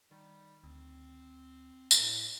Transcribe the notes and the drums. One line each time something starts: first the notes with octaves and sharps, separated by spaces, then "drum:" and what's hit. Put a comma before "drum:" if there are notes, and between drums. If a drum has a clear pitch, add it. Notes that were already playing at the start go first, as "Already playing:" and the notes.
D#3 G3
D2 C4
A2 A#4 E5 A#5, drum: tambourine